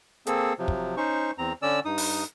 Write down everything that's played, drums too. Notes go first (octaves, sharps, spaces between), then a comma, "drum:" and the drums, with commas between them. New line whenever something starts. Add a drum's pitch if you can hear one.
A#3 C4 G#4 A4, drum: hi-hat
C3 F3 F#3
drum: kick
C#4 D#4 C5 C#6
E2 C4 A#5
D3 C#4 D5 E6
G2 D#4 D#6
drum: open hi-hat